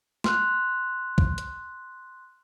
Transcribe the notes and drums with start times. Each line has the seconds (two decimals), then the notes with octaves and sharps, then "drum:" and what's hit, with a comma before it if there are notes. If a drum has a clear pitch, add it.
0.24 C6 F6 F#6, drum: snare
1.18 drum: kick
1.38 drum: hi-hat